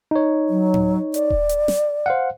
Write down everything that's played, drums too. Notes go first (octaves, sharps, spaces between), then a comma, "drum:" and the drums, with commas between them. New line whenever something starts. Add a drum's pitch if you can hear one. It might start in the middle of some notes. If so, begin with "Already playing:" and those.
D#4 C#5
F#3
drum: tom A2
D5, drum: hi-hat
drum: kick D#1
drum: hi-hat
drum: snare
C5 F5 F#5